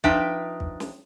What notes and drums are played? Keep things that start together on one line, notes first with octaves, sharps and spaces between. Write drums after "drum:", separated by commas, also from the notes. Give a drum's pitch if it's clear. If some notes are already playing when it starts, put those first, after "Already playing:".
F3 D4 D#4 B4 E5 G5, drum: kick
drum: kick
drum: snare